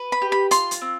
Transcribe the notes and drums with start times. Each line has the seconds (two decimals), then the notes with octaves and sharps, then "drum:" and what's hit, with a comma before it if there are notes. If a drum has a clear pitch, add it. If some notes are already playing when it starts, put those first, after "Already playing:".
Already playing: B4
0.12 B5
0.22 G4
0.32 B5
0.51 F4 C6, drum: hi-hat
0.71 drum: hi-hat
0.81 C4